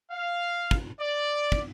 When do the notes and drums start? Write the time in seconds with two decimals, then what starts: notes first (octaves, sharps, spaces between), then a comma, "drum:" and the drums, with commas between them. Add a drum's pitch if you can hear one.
0.11 F5
0.71 drum: kick
0.99 D5
1.52 drum: kick